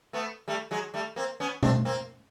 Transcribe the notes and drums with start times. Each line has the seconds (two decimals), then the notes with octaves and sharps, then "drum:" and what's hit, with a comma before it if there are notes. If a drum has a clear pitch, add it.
0.13 A3 B3
0.48 G3 A3
0.71 F#3 G#3
0.94 G3 A3
1.16 A#3 C4
1.40 B3 C#4
1.63 C4 D4, drum: tom B2
1.85 A#3 C4